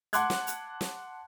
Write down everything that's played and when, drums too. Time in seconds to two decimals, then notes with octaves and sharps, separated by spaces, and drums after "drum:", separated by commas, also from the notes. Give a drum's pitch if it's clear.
0.13 F#5 A5 C6 D6 F#6 G#6, drum: hi-hat
0.30 drum: snare
0.47 drum: hi-hat
0.81 drum: snare